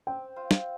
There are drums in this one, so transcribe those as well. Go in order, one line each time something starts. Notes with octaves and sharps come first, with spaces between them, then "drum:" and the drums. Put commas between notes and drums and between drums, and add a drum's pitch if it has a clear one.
C4 G5
F4 C5
drum: snare